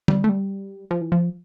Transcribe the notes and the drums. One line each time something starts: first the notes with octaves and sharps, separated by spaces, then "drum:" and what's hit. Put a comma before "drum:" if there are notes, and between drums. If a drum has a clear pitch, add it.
G3, drum: tom
A3
G3
F3
E3
F3